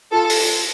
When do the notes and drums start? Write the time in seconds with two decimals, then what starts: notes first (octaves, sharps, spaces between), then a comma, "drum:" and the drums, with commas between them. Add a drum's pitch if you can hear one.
0.12 F4 A4
0.30 drum: open hi-hat